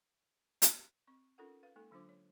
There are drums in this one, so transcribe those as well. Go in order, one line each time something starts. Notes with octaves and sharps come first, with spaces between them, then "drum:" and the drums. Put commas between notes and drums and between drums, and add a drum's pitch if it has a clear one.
drum: hi-hat
C4 C#6
C#4 D#4 F4 A4 A#4 F#5
B4 F5
G#3 A#3 D#4 A4
D3 F#3 D4 F4 C5 D6
C#5